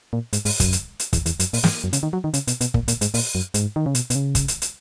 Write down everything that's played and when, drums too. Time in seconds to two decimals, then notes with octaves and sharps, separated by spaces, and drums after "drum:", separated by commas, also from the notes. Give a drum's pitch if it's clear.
0.13 A#2
0.33 G#2, drum: hi-hat
0.45 G#2, drum: open hi-hat
0.60 F#2, drum: kick, hi-hat
0.73 drum: hi-hat
0.99 drum: hi-hat
1.13 E2, drum: kick, hi-hat
1.26 E2, drum: hi-hat
1.40 F#2, drum: hi-hat
1.53 A#2, drum: open hi-hat
1.64 G#2, drum: snare
1.84 F#2
1.93 C#3, drum: hi-hat
2.03 D#3
2.13 F#3
2.24 D#3
2.34 C#3, drum: hi-hat
2.47 B2, drum: hi-hat
2.61 B2, drum: hi-hat
2.74 A#2, drum: kick
2.88 A#2, drum: hi-hat
3.01 G#2, drum: hi-hat
3.14 A#2, drum: open hi-hat
3.35 F#2
3.54 G#2, drum: hi-hat
3.76 D#3
3.86 C#3
3.95 B2, drum: hi-hat
4.10 B2, drum: hi-hat
4.15 C#3
4.35 drum: kick, hi-hat
4.48 drum: hi-hat
4.62 drum: hi-hat